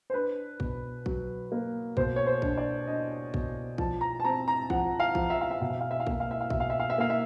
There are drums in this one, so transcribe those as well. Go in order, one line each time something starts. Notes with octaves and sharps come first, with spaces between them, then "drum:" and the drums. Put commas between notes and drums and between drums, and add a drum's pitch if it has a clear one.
C5
D4 B4
B2, drum: kick
F#3, drum: kick
A#3
B2 C5, drum: kick
C#5
C5
D4, drum: kick
D5
D4 D#5
B2, drum: kick
F3 A5, drum: kick
A#5
A5
C4 A#5
A#5
F3 F#5, drum: kick
F5
F3, drum: kick
E5
F5
E5
B2 F5
E5
F5
E5
F5
A#3 E5, drum: kick
F5
E5
F5
B2 E5, drum: kick
F5
E5
F5
E5
A#3 F5
E5